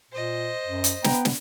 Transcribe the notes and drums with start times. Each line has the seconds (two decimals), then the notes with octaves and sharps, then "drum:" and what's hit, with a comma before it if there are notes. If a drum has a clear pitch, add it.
0.12 A#2 C5 D#5
0.66 F#2
0.84 drum: hi-hat
1.04 B3 B4 G5 A#5, drum: snare
1.25 drum: snare